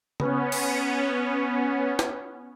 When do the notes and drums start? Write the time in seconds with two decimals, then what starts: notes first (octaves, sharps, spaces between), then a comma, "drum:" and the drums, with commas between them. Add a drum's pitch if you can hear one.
0.20 B3 C#4, drum: tom C#3
0.52 drum: cymbal
1.99 drum: snare